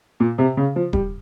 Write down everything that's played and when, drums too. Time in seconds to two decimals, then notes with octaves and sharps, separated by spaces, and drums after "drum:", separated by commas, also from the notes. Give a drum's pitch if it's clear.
0.20 A#2
0.38 C3
0.57 C#3
0.76 F3
0.93 G3, drum: kick D#1